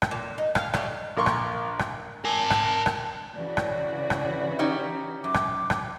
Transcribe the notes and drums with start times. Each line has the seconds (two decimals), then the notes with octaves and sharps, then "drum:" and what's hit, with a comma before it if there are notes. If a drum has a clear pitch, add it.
0.02 drum: rim click
0.11 A#2
0.38 D#4
0.55 F5, drum: rim click
0.73 F#3 G3 A3, drum: rim click
1.17 A#1 A#4 C6 C#6
1.26 drum: rim click
1.79 drum: rim click
2.24 A#4 G#5 A5
2.50 drum: rim click
2.86 drum: rim click
3.36 C#3 E3 F#4 D5
3.57 drum: rim click
4.10 drum: rim click
4.59 C#4 D#4 G4
5.24 F#2 D6
5.34 drum: rim click
5.70 drum: rim click